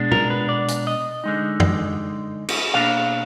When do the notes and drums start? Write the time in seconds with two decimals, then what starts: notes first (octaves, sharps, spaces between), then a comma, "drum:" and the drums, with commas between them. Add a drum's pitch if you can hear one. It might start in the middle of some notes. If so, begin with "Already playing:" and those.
Already playing: B2 G#3 D4
0.11 A#4, drum: tom A#2
0.30 B4
0.49 D5
0.68 drum: hi-hat
0.87 D#5
1.24 D3 G#3 D#4
1.60 drum: tom
2.49 drum: cymbal
2.74 B2 A#3 D4 F5